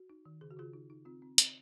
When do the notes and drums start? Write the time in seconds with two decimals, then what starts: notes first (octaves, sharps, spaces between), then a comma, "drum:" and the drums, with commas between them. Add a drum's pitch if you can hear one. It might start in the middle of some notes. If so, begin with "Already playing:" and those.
Already playing: F#4
0.10 D#4
0.25 D#3
0.41 C#3 G#4
0.51 F#4
0.57 C#3 F4 G#4
0.73 D#4
0.90 D#4
1.05 C4 F4
1.22 C4
1.38 C4, drum: hi-hat